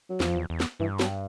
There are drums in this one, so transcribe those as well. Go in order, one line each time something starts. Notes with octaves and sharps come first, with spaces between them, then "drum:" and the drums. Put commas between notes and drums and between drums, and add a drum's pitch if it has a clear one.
F#3
E2 F3, drum: snare
F2
E2
E2
drum: snare
G2 E3
F#3, drum: snare